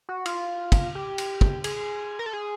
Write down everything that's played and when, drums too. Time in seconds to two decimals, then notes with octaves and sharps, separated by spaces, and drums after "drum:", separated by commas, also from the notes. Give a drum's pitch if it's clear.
0.09 F#4
0.26 F4, drum: cymbal
0.72 drum: kick, cymbal
0.95 G4
1.18 drum: cymbal
1.41 drum: kick
1.64 G#4, drum: cymbal
2.19 A#4
2.26 A4
2.33 G#4